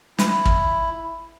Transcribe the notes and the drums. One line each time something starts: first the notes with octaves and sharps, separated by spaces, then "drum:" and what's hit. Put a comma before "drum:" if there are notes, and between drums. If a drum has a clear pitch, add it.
E4, drum: snare
drum: kick